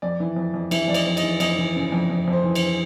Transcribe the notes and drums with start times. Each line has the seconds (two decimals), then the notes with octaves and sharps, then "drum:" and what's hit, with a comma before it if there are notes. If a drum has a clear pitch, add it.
0.02 F2 D5
0.20 E3
0.36 F2
0.54 F2
0.71 E3 E5, drum: cymbal
0.88 F2 D5
0.94 D#5, drum: cymbal
1.06 F2
1.17 D#5, drum: cymbal
1.23 E3
1.40 F2 D#5, drum: cymbal
1.59 E3
1.76 C#3
1.92 F2
2.10 F2
2.28 F2 C5
2.44 E3
2.55 C5, drum: cymbal